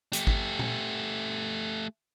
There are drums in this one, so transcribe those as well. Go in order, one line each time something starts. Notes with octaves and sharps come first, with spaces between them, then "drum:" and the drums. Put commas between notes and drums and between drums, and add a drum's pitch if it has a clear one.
A3 G4, drum: hi-hat
drum: kick G#1
drum: tom A#2